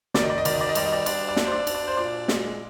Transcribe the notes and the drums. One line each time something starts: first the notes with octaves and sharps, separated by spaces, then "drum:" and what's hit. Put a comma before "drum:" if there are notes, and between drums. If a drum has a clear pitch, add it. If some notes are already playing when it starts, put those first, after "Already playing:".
D#3 D5, drum: snare
D#5
D5
D#5
D#3 D5, drum: cymbal
D#5
D5
D#5
G3 D5, drum: cymbal
D#5
D5
D4 D5, drum: cymbal
D5
D4, drum: snare
C5
D5
D4, drum: cymbal
D5
C5
A#2 D5
G#3, drum: snare